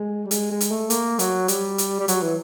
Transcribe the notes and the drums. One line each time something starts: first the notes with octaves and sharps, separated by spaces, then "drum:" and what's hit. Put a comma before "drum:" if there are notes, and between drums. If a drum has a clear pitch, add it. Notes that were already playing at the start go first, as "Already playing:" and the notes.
Already playing: G#3
G3
G#3, drum: hi-hat
G#3
drum: hi-hat
A3
A#3, drum: hi-hat
F#3, drum: hi-hat
G3, drum: hi-hat
drum: hi-hat
G3
F#3, drum: hi-hat
E3